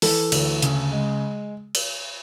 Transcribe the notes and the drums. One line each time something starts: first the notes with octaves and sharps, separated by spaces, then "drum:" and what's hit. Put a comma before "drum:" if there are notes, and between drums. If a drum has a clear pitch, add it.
E3 A4, drum: open hi-hat
D2, drum: cymbal
C#3, drum: hi-hat
G#3
drum: cymbal